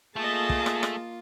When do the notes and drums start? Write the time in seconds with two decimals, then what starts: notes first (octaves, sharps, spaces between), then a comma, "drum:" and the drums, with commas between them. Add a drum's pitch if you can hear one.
0.16 A3 A#3 F4 G#4 D#5 A5
0.49 drum: kick
0.66 drum: rim click
0.83 drum: rim click